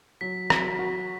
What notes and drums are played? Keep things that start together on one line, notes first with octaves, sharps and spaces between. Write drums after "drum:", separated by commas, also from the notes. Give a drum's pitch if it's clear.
F#3 B6
F#3, drum: rim click
F#4